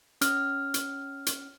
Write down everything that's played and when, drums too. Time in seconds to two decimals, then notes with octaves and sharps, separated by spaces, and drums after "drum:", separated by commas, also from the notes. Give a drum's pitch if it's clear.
0.21 C#4 F6, drum: hi-hat
0.74 drum: hi-hat
1.26 drum: hi-hat